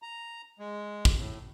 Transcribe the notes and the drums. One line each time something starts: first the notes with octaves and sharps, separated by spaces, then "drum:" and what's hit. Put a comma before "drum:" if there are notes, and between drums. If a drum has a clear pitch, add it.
A#5
G#3
drum: kick
A2